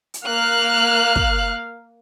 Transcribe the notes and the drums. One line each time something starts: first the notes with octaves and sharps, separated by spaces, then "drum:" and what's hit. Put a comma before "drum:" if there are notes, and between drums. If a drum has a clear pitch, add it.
drum: hi-hat
A#3 F5 F6 F#6
drum: kick